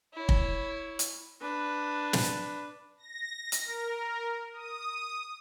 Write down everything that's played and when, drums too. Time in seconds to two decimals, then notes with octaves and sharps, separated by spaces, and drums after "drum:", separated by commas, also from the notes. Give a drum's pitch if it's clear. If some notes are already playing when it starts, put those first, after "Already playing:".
0.14 E4 C#5
0.29 drum: kick
0.99 drum: hi-hat
1.42 D4 B4
2.13 drum: snare
2.98 A#6
3.52 drum: hi-hat
3.65 A#4
4.53 D#6